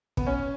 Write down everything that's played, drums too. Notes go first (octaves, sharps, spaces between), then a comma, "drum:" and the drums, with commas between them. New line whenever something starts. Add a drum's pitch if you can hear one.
B3, drum: kick
C#4